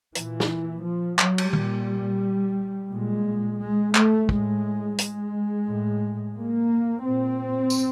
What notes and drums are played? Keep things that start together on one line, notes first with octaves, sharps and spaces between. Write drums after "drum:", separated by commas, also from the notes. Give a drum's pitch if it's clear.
A#2 E3, drum: hi-hat
drum: snare
F3
F#3, drum: clap
drum: cymbal
A#2 G3, drum: tom
A#2 G#3
G#3
A3, drum: clap
A2 G#3, drum: kick
G#3, drum: hi-hat
A2
A#3
A#2 C4
drum: tambourine